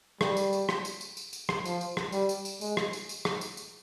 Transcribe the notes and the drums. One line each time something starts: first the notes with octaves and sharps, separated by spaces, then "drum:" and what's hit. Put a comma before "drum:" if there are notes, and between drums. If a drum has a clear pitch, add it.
G3, drum: rim click
drum: tambourine
drum: tambourine
drum: rim click
drum: tambourine
drum: tambourine
drum: tambourine
drum: tambourine
drum: rim click
F3, drum: tambourine
drum: tambourine
drum: rim click
G3, drum: tambourine
drum: tambourine
drum: tambourine
G#3, drum: tambourine
drum: rim click
drum: tambourine
drum: tambourine
drum: rim click
drum: tambourine
drum: tambourine